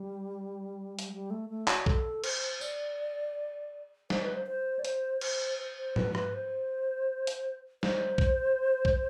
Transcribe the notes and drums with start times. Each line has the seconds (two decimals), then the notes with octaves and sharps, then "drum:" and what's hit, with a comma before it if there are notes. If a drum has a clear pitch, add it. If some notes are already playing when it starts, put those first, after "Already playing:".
Already playing: G3
0.99 drum: hi-hat
1.13 G3
1.30 A3
1.49 A3
1.68 F#4, drum: clap
1.86 A4, drum: kick B1
2.24 C5, drum: cymbal
2.61 D5, drum: tambourine
4.10 C5, drum: snare
4.22 B4
4.34 C5
4.47 C5
4.79 D5
4.85 C5, drum: hi-hat
5.21 C5, drum: cymbal
5.59 C5
5.78 C5
5.96 B4, drum: tom G#2
6.15 B4, drum: rim click
6.34 C5
7.27 drum: hi-hat
7.83 C5, drum: snare
8.18 drum: kick B1
8.85 drum: kick B1